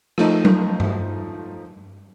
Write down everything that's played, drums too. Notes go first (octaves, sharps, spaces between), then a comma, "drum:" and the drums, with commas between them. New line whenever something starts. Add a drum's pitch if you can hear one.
F3 A3 D#4, drum: rim click
drum: tom F#3
drum: tom G2